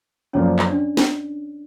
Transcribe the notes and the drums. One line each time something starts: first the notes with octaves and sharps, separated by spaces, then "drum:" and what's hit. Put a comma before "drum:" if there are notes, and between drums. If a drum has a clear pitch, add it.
F#2 D3 F3 A#3 C#4 D4 C#5
drum: clap
D4 D5
drum: snare